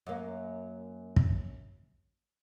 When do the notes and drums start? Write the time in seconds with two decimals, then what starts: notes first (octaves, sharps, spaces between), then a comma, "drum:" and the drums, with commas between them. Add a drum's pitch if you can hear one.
0.07 F#2 A#3
1.16 drum: kick